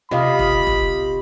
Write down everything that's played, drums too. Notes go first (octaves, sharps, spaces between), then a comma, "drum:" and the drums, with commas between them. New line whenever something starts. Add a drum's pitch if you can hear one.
C3 F4 D#5 F5 B5
drum: kick E1
drum: kick E1